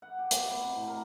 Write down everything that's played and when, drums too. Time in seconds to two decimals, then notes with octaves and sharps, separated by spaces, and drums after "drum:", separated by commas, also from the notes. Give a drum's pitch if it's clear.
0.02 F#5
0.19 G4
0.31 F#4, drum: hi-hat
0.45 B2
0.61 C3
0.75 A2
0.88 A#4